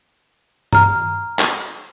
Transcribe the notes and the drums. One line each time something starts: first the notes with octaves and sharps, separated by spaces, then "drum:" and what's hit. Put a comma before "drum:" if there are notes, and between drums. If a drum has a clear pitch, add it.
A#5 F6, drum: tom G2
drum: clap